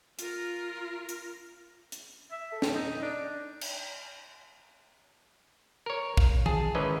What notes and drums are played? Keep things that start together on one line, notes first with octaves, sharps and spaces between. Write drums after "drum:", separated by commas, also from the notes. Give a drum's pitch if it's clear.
F4 A#4, drum: hi-hat
drum: hi-hat
drum: hi-hat
E5
A4
drum: snare
D#4
D4
drum: cymbal
A#4 C#5
F5, drum: kick
G#4 A5, drum: tom D#3
G#2 D#3 E3 C#4 B4 D#5